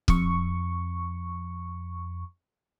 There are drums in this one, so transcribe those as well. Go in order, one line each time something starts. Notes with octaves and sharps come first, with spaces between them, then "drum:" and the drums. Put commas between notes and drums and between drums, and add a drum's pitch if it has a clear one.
F2 C#6, drum: kick